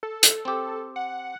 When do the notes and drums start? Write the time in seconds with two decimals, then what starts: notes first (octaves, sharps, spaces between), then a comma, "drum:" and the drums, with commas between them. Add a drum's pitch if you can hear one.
0.03 A4
0.23 drum: hi-hat
0.45 C4 G4
0.96 F#5